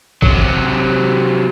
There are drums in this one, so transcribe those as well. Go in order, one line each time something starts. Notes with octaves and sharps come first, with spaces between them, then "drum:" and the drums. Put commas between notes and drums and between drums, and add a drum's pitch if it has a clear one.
C3 F#3, drum: kick